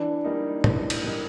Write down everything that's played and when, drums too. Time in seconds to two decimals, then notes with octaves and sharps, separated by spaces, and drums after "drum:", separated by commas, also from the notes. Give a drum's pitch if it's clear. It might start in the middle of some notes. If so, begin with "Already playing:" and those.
Already playing: E3 D4
0.25 G3 A#3 D#4
0.64 E3, drum: tom
0.90 drum: cymbal
1.03 G3 A#3 D#4